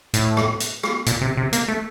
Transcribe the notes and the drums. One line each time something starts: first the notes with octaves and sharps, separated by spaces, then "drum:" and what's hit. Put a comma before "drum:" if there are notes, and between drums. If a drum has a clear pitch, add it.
A2, drum: hi-hat
drum: rim click
drum: hi-hat
drum: rim click
A#2, drum: hi-hat
C3
C3
A#3, drum: hi-hat
A3